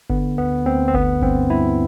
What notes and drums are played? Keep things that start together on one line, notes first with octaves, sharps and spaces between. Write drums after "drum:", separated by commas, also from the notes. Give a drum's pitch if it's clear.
D3 B3, drum: kick G1
D2 B3
D2 C4
C4
D3 B3, drum: kick G1
G2 C4, drum: kick G1
G2 E4